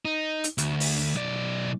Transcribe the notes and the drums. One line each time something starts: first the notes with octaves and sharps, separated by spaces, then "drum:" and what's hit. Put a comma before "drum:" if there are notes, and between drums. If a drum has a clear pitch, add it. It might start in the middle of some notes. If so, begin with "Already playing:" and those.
D#4
drum: hi-hat
D2, drum: hi-hat
drum: open hi-hat
B1 D5